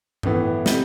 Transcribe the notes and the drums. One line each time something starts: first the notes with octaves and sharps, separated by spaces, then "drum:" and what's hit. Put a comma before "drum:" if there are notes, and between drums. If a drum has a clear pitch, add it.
A2 E3 B3, drum: tom G2
C3 G3, drum: snare